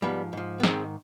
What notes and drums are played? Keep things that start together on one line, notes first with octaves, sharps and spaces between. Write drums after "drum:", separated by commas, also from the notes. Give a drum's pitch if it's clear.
G#2 F3 G3 B3
G#2 F3
B3
G#2 D#3 G#3 C4, drum: snare